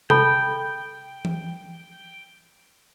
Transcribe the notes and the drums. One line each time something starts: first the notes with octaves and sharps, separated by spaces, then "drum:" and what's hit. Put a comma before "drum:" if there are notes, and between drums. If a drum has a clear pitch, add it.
A4 G5 A5 B5, drum: tom C3
drum: tom E3